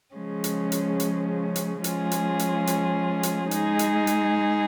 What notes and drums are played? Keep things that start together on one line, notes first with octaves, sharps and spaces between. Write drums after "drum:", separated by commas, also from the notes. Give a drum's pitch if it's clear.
C#3 F3 G#3 C#4
drum: hi-hat
drum: hi-hat
drum: hi-hat
drum: hi-hat
F3 G#3 C#4 F4 G#4, drum: hi-hat
drum: hi-hat
drum: hi-hat
drum: hi-hat
drum: hi-hat
G#3 D#4 G#4, drum: hi-hat
drum: hi-hat
drum: hi-hat